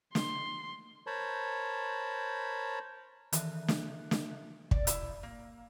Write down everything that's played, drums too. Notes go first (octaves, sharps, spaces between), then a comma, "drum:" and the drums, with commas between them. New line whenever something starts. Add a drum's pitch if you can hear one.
C6, drum: snare
A#4 C5 C#5 A5 B5
D#3 E3 E5 F#6, drum: hi-hat
drum: snare
drum: snare
D5, drum: kick
E4, drum: hi-hat
A#3